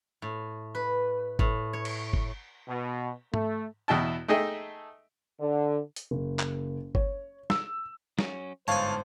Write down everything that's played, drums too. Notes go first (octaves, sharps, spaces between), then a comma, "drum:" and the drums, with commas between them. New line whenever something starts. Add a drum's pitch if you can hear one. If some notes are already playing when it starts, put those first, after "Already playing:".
A2
B4
A2, drum: kick G1
C#5
drum: cymbal
drum: kick G1
B2
A3, drum: tom G#2
E2 B2 E4 G5 A5
A3 D#4 G#4 D#5 E5 G5
D3
drum: hi-hat
F#1
drum: clap
C#5, drum: kick G1
E6, drum: snare
F#3 C#4, drum: snare
G1 G#2 C5 C#5 F5 G#5 A5